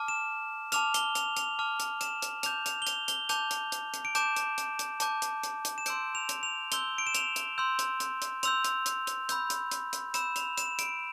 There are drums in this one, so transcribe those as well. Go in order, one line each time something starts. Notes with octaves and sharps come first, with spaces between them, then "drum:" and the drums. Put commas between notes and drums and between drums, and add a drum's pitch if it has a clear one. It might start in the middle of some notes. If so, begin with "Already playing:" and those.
Already playing: A5 D6 F6
E7
A5 D6 F6 F7, drum: hi-hat
G7, drum: hi-hat
F7, drum: hi-hat
F7, drum: hi-hat
A5 D6 F6
drum: hi-hat
E7, drum: hi-hat
drum: hi-hat
A5 D6 G6 F7, drum: hi-hat
F7, drum: hi-hat
G7
F7, drum: hi-hat
G7, drum: hi-hat
A5 D6 G6 F7, drum: hi-hat
drum: hi-hat
drum: hi-hat
drum: hi-hat
D7
A5 D6 G6 E7, drum: hi-hat
drum: hi-hat
drum: hi-hat
drum: hi-hat
A5 D6 G6, drum: hi-hat
drum: hi-hat
drum: hi-hat
drum: hi-hat
E7
C6 E6 G6 D7, drum: hi-hat
F7
drum: hi-hat
F7
C6 E6 G6 G7, drum: hi-hat
D7
E7
F7, drum: hi-hat
drum: hi-hat
C6 E6 G6
drum: hi-hat
drum: hi-hat
drum: hi-hat
C6 E6 G6 F7, drum: hi-hat
drum: hi-hat
drum: hi-hat
drum: hi-hat
B5 E6 G6, drum: hi-hat
drum: hi-hat
drum: hi-hat
drum: hi-hat
B5 E6 G6 E7, drum: hi-hat
F7, drum: hi-hat
E7, drum: hi-hat
D7, drum: hi-hat